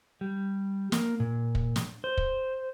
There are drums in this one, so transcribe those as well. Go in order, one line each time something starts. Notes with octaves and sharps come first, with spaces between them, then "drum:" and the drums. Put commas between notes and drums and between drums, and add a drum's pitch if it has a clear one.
G3
A#3, drum: snare
A#2
drum: kick
drum: snare
C5
drum: kick